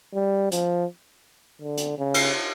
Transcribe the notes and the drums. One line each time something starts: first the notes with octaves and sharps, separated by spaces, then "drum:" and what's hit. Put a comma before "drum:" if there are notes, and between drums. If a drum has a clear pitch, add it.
G3
F3, drum: hi-hat
D3
drum: hi-hat
C#3
drum: cymbal